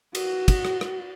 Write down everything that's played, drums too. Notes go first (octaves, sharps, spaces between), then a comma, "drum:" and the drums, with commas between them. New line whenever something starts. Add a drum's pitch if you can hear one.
F#4, drum: cymbal
drum: kick, cymbal
drum: rim click
drum: rim click